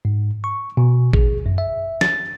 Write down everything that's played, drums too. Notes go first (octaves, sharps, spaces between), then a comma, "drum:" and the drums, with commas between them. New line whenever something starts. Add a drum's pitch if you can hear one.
G#2
C#6
B2
G#4, drum: kick
F#2
E5
A6, drum: snare